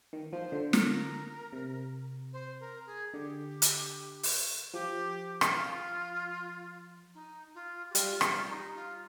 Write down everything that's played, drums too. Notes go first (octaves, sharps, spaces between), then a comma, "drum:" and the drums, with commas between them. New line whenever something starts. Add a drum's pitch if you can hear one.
D#3
F3 C5
D3
A#4, drum: snare
C3
C5
A#4
G#4
D3 G4
drum: hi-hat
drum: open hi-hat
F3 G4
drum: rim click
F4
D#4
F4
G4
G3 F4, drum: hi-hat
F4, drum: rim click
D#4
F4